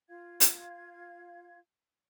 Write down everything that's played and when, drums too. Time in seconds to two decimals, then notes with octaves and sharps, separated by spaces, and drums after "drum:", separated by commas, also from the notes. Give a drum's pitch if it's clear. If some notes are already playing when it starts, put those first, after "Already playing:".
0.09 F4 F5 G#6
0.40 drum: hi-hat